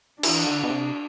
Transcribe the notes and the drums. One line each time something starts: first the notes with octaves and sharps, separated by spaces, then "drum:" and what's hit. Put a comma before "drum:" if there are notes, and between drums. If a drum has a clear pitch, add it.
E3 D4, drum: cymbal
D3
B2
C3